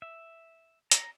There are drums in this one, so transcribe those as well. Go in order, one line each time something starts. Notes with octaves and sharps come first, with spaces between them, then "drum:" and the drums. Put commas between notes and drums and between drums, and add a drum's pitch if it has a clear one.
E5
A#5, drum: hi-hat